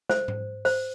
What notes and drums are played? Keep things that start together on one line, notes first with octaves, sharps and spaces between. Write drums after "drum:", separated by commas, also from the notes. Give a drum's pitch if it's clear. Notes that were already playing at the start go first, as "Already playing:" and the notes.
C5, drum: snare
drum: tom G#2
C5, drum: open hi-hat